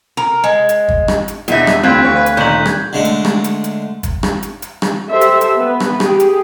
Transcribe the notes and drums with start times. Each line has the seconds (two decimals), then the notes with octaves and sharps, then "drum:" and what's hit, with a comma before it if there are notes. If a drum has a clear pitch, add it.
0.17 A#4
0.44 G#3
0.69 drum: hi-hat
0.89 drum: kick
1.08 drum: rim click
1.28 drum: hi-hat
1.48 E2 B2 D4 D#4 G#4 E5, drum: hi-hat
1.67 drum: rim click
1.83 D2 G3 C4 F4 F#6 G#6 B6
2.01 E3 C#5
2.15 B4
2.26 drum: hi-hat
2.37 F2 A#2 D#3 C#5 G6 F#7
2.66 drum: rim click
2.93 D3 G#3 A3
3.05 drum: hi-hat
3.25 drum: rim click
3.44 drum: hi-hat
3.64 drum: hi-hat
4.03 drum: kick, hi-hat
4.23 drum: rim click
4.43 drum: hi-hat
4.62 drum: hi-hat
4.82 drum: rim click
5.09 G4 A4 C5 E5
5.21 drum: hi-hat
5.41 drum: hi-hat
5.56 B3 B4
5.80 drum: rim click
6.00 G4 G#4, drum: rim click
6.20 drum: hi-hat